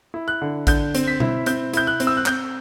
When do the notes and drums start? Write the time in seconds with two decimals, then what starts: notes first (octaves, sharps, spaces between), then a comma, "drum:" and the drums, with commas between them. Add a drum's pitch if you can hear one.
0.14 E4
0.28 F#6
0.42 D3
0.67 D3 G6, drum: kick A1, hi-hat
0.95 C4, drum: hi-hat
1.08 B6
1.20 E4, drum: tom B2
1.46 C4 G6, drum: hi-hat
1.73 E4 G6, drum: hi-hat
1.87 F#6
2.00 C4, drum: hi-hat
2.07 E6
2.17 F#6
2.26 C4 G6, drum: clap